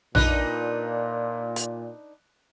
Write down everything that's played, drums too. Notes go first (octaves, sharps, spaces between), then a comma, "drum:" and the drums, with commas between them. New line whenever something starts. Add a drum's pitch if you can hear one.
A#2 D4 D#4 B4 F#6, drum: tom A#1
drum: hi-hat